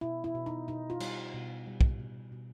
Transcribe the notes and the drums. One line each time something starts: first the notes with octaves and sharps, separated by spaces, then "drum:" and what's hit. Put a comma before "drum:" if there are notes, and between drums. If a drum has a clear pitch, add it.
B2 E4
E4
B2
D#4
B2 D#4
F4
G3, drum: cymbal
B2
G3
drum: kick
B2
B2